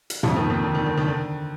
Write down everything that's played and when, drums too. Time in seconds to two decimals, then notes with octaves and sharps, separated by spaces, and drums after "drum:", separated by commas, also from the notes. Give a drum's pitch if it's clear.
0.10 drum: hi-hat
0.23 F2 F3, drum: tom
0.37 D#2 D#3
0.50 D#2 D#3
0.63 D3
0.75 D#3
0.86 D3
0.98 D#3
1.08 D3